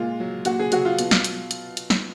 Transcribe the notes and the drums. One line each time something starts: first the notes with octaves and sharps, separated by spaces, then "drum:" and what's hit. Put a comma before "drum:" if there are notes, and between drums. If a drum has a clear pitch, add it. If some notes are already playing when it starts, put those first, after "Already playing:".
Already playing: A#2 G#3 F4
F#3
A#2 F#4, drum: hi-hat
G#4
F#3 F#4, drum: hi-hat
F4
B2, drum: hi-hat
drum: snare
drum: hi-hat
drum: hi-hat
drum: hi-hat
drum: snare